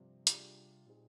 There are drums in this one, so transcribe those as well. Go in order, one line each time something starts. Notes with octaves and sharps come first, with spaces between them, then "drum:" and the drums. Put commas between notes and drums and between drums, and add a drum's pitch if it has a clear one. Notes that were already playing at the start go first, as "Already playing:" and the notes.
Already playing: G2 C3 F3 C4 G4
G3 D4 F4 G#4, drum: hi-hat
A#2 G3 C4 D#4 G#4